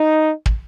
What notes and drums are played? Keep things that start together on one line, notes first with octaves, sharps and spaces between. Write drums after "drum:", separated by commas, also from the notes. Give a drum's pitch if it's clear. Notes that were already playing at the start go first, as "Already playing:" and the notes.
Already playing: D#4
drum: kick